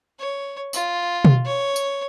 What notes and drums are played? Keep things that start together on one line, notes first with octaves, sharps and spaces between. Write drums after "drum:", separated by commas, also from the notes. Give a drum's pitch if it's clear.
C#5
F4, drum: tambourine
drum: tom B2
C#5
drum: tambourine